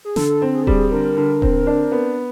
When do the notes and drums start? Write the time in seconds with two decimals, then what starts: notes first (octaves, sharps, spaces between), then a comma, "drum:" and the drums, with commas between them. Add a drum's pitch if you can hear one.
0.05 G#4
0.16 D3 A4, drum: snare
0.42 C4
0.54 G#4
0.63 A4
0.67 G3 G#4, drum: kick D#1
0.91 D3 A#4
1.16 D3
1.42 C4, drum: kick D#1
1.67 D4
1.92 B3